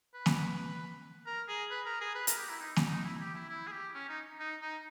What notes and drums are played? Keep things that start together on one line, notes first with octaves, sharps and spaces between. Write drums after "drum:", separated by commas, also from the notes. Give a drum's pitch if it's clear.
B4
drum: snare A#3
A#4
G#4
B4
A#4
G#4
B4
A#4, drum: hi-hat
G4
E4
D#4
drum: snare A#3
D#4
E4
G4
E4
E4
G#4
G4
C#4
D#4
D#4
D#4